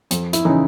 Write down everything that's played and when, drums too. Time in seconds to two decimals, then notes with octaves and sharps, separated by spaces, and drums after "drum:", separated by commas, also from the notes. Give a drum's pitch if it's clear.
0.11 F2, drum: hi-hat
0.33 E4, drum: hi-hat
0.45 C#3 E3 D#4